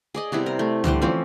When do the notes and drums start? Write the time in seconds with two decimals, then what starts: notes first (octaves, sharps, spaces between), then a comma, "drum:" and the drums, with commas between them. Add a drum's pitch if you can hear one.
0.14 G#4 D5 D#5
0.32 C3 G3 B3 E4
0.46 A#4
0.59 A3
0.84 D3 E3 G3 C5, drum: tom
1.01 E3 F3 C4 C#4